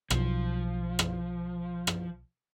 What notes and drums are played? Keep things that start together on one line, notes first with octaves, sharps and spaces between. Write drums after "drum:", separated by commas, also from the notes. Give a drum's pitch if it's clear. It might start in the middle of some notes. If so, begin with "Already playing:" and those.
B1 F3, drum: rim click
drum: rim click
drum: rim click